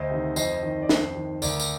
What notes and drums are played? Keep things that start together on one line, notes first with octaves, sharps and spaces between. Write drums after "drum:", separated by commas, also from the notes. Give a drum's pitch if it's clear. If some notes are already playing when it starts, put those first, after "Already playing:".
Already playing: D2 C5 D#5
C3 D#3
F2 C5 D#5, drum: tambourine
D#3
D5
F2 C5, drum: snare
D#3
D2 A#4 D5, drum: tambourine
drum: tambourine